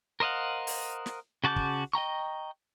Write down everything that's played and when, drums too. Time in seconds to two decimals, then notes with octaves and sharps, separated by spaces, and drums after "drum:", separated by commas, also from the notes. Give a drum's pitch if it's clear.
0.20 A#4 C5 D#5 F5 F#5
0.67 drum: open hi-hat
1.06 drum: snare
1.44 C#3 F#4 A5 D6 G6
1.56 drum: kick
1.93 D#5 G5 A#5 C#6